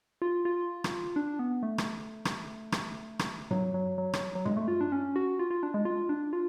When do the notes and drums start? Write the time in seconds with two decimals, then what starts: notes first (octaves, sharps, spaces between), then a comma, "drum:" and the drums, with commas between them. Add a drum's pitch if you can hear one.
0.22 F4
0.45 F4
0.84 drum: rim click
1.16 D4
1.39 B3
1.63 A3
1.78 drum: rim click
2.25 drum: rim click
2.72 drum: rim click
3.19 drum: rim click
3.51 F#3, drum: tom G2
3.74 F#3
3.98 F#3
4.13 drum: rim click
4.35 F#3
4.45 G#3, drum: tom G2
4.57 A3
4.68 F4
4.81 D4
4.92 C#4
5.16 F#4
5.39 F4
5.51 F4
5.63 D4
5.74 G#3
5.85 F4
6.09 D4
6.33 F4